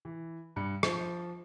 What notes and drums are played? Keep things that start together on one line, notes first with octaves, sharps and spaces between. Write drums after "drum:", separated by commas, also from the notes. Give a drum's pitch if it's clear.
E3
G2 C#7
F3 C5, drum: rim click